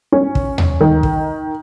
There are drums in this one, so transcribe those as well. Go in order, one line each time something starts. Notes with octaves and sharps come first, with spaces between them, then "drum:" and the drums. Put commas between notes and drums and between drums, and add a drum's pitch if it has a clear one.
C#4
drum: kick
drum: tom D#2
D#3
drum: kick